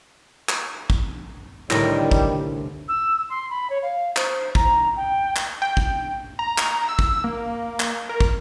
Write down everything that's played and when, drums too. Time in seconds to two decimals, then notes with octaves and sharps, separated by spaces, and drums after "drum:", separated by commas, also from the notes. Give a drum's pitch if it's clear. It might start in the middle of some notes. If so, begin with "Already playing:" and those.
0.49 drum: clap
0.90 drum: kick
1.70 C2 A2 D3 D#3 G3 A#4, drum: clap
2.11 drum: kick
2.88 E6
3.29 C6
3.50 B5
3.70 C#5
3.83 F5
4.16 C5, drum: clap
4.55 A#5, drum: kick
4.96 G5
5.36 drum: clap
5.62 G5
5.77 drum: kick
6.39 A#5
6.58 drum: clap
6.89 E6
6.99 drum: kick
7.24 A#3
7.80 drum: clap
8.09 A#4
8.20 drum: kick